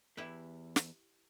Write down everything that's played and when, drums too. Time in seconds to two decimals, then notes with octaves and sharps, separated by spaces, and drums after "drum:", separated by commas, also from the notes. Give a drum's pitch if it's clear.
0.17 E2 E4 G4 B4
0.76 drum: snare